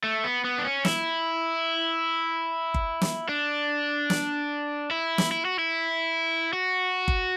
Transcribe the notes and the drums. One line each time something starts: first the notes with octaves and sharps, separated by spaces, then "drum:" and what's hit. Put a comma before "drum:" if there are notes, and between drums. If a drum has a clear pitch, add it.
A3
B3
B3
D4
C#4
E4, drum: snare
drum: kick G1
drum: snare
D4
drum: snare
E4
drum: snare
E4
F#4
E4
F#4
drum: kick G1